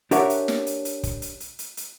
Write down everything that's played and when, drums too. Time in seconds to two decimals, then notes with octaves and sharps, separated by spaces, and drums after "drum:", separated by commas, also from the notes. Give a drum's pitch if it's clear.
0.11 D4 G4 A#4 C#5 E5 F#5, drum: hi-hat
0.30 drum: hi-hat
0.48 drum: snare
0.67 drum: hi-hat
0.85 drum: hi-hat
1.03 drum: kick, hi-hat
1.22 drum: hi-hat
1.40 drum: hi-hat
1.59 drum: hi-hat
1.77 drum: hi-hat